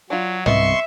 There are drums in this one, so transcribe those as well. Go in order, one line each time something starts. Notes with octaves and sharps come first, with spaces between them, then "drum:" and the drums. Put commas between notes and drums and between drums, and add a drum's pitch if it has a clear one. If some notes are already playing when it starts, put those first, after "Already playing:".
F#3 D4 F4
C2 B3 D#5 E5 C6 C#6, drum: tom